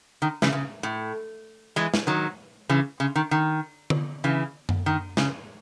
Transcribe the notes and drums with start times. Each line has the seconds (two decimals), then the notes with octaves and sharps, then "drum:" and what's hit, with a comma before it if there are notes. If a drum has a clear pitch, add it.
0.22 D#3
0.42 C#3 E3, drum: snare
0.52 C#3
0.83 A2
1.76 E3 G#3
1.94 drum: snare
2.07 D#3 F#3
2.69 C#3 E3
3.00 C#3
3.15 D#3
3.31 D#3
3.90 drum: tom D3
4.24 C#3 E3
4.69 drum: tom F#2
4.86 D#3
5.17 C#3, drum: snare